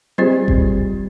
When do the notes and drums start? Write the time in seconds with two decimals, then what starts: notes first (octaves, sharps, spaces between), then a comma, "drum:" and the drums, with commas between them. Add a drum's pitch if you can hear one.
0.18 G3 C4 F4 G#4 C5 D#5
0.48 drum: kick F#1